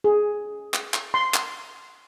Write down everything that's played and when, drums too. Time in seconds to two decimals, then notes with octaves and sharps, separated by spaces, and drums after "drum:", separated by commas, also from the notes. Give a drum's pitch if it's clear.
0.04 G#4
0.74 drum: clap
0.94 drum: clap
1.14 C6
1.34 drum: clap